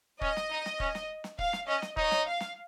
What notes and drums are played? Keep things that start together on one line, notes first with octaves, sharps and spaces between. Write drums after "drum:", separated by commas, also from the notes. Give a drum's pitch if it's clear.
C#4 D#5, drum: kick
drum: snare
D#4
drum: snare
C#4, drum: kick
drum: snare
drum: snare
F5, drum: kick
drum: snare
C#4 D#5
drum: snare
D#4 C#5, drum: kick
drum: snare
F5
drum: snare